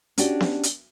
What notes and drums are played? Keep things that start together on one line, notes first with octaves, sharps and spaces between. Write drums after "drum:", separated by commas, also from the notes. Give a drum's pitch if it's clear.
C#4 D4 F#4 G4, drum: hi-hat
drum: snare B3
drum: hi-hat